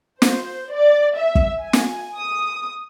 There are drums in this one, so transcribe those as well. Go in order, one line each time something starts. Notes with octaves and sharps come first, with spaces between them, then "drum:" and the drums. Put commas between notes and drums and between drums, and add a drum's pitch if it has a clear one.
C5, drum: snare
D5
E5
drum: kick
G#5
drum: snare
D#6